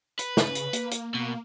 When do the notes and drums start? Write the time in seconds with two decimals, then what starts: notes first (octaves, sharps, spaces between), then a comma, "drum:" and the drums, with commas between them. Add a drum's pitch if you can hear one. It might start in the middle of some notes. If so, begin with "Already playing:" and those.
0.19 B4, drum: hi-hat
0.37 C#3, drum: snare
0.55 drum: hi-hat
0.73 A#3, drum: hi-hat
0.91 drum: hi-hat
1.14 B2 A#3